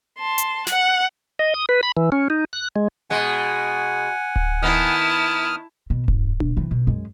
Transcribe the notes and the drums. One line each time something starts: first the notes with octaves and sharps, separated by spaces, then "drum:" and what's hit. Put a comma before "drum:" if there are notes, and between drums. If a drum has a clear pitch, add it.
A5 C6
drum: hi-hat
F#5 F#6, drum: snare
D#5
D#6
B4
B5
E3
C#4
D#4
F#6
G#3
B2 G#3 F#5 G#5
drum: kick D1
D#3 B3 E4 A5 D#6 F6
B2
G1, drum: kick D1
B2, drum: tom D4
C3 E3
B2
F#2 G#3